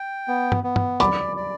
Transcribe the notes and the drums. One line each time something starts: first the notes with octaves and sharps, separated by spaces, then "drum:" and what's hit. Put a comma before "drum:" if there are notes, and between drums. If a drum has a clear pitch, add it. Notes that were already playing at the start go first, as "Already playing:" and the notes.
Already playing: G5
B3
drum: tom G2
B3
drum: tom G2
D5 B5 D6, drum: hi-hat
D5